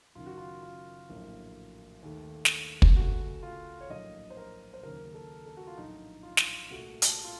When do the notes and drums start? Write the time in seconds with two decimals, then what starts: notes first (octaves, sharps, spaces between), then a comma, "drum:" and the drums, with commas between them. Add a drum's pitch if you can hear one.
0.15 F#1 F#2 D#3 F4
0.26 F#4
0.38 F4
0.63 F4
1.09 A#1 A2 F#3 A#3
2.03 D#2 D#3 A3
2.45 drum: snare
2.82 drum: kick
2.96 C#2 C#3 A3 F#4
3.43 F4
3.81 C#5
3.90 A#1 A2 F#3 A#3 D#5
4.30 C5
4.37 A#4
4.74 C5
4.83 D#2 C#3 F#3 A#3 A#4
5.14 A4
5.46 A4
5.57 F#4
5.67 F4
5.76 A#1 A2 F#3 D#4
6.23 F4
6.37 drum: snare
6.70 C2 A#2 A3 F#4
7.02 A4, drum: hi-hat
7.25 F4